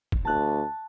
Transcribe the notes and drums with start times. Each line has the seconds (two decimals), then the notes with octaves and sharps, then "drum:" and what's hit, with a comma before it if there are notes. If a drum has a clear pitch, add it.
0.12 drum: kick
0.25 D2 A5 F#6